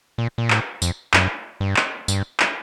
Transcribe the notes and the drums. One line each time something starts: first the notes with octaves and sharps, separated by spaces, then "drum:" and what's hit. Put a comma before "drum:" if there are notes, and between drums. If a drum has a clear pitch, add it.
A#2
A#2
A2, drum: clap
F2, drum: tambourine
F#2, drum: clap
G2
drum: clap
G2, drum: tambourine
drum: clap